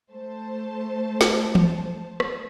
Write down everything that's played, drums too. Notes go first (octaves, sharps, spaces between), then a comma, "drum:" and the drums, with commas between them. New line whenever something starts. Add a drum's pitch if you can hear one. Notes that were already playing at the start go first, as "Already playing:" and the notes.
A3 C5 A5
drum: snare
drum: tom E3
drum: rim click